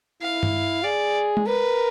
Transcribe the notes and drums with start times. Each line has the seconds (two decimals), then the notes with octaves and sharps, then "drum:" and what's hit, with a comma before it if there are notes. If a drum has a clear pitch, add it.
0.22 E4 F5
0.43 drum: tom G2
0.84 G#4 D5
1.37 drum: tom G#3
1.46 A#4 B4